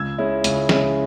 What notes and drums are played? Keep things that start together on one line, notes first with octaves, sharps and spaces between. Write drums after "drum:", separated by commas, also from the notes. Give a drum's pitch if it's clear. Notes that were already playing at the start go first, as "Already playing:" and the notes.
Already playing: C#2 E6 G#6
C#3 G#3 C#4 E4
C#2, drum: hi-hat
C#3 G#3 C#4 E4, drum: snare